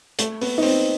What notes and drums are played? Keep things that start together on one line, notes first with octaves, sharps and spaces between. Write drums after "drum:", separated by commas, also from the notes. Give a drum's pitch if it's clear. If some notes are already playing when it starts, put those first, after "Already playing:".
A3, drum: hi-hat
B3, drum: open hi-hat
D#4
C4, drum: open hi-hat